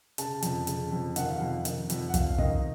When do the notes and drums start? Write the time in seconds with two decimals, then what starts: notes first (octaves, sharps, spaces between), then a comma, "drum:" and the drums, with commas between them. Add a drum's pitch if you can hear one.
0.18 C#3 A5, drum: hi-hat
0.42 F2, drum: hi-hat
0.67 C#3, drum: hi-hat
0.92 F2
1.16 D#3 F#5, drum: hi-hat
1.26 F5
1.36 F2 F#5
1.65 D#3, drum: hi-hat
1.90 F2, drum: hi-hat
2.08 F#5
2.14 F2 F5, drum: kick, hi-hat
2.38 D#3 D#5, drum: kick